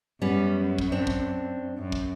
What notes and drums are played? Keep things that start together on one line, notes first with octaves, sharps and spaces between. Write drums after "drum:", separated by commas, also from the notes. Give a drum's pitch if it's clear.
F#2 G3 B3 C#4
drum: kick
C4 D4
drum: kick
F#2
drum: kick